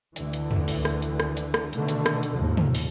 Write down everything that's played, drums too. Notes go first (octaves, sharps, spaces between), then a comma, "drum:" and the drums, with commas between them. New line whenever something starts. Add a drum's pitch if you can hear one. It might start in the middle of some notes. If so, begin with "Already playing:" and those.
D2 D3 E3, drum: hi-hat
drum: hi-hat
drum: tom
drum: open hi-hat
drum: rim click
drum: hi-hat
drum: rim click
drum: hi-hat
drum: rim click
B2 D3 D#3 A3, drum: hi-hat
drum: hi-hat
drum: rim click
drum: hi-hat
D#2 G#2 F3
drum: tom
drum: open hi-hat